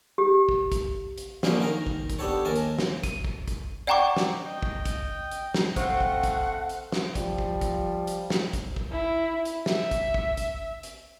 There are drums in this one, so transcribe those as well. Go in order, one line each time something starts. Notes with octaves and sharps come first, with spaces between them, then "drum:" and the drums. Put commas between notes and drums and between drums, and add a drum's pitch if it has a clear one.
G4
drum: kick
drum: kick, hi-hat
drum: hi-hat
A#1 D3 A#3 B3 C#4, drum: snare
D#3 D#4 A#4 A#5
drum: kick
drum: kick, hi-hat
B3 D4 G4 A4 C#5
D#2 D#3 A#4 G#5 A5
drum: hi-hat
drum: snare
D#7, drum: kick, hi-hat
drum: kick
drum: kick, hi-hat
D5 F#5 G5 A#5 C#6 D6
drum: snare
D#5 G5
drum: kick
drum: kick, hi-hat
drum: hi-hat
drum: snare
A3 C4 C5 F5 F#5 C#6, drum: kick, hi-hat
drum: kick
drum: kick, hi-hat
drum: hi-hat
drum: snare
F3 G3, drum: kick, hi-hat
drum: kick
drum: kick, hi-hat
drum: hi-hat
drum: snare
drum: kick, hi-hat
drum: kick
E4
drum: hi-hat
E5, drum: snare
drum: kick, hi-hat
drum: kick
drum: kick, hi-hat
drum: hi-hat